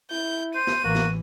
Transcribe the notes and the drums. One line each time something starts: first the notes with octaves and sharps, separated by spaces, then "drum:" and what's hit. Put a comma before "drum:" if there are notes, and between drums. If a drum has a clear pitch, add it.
E4 G6
C5 D#7
drum: snare
A1 E3 A#3 F#4
drum: snare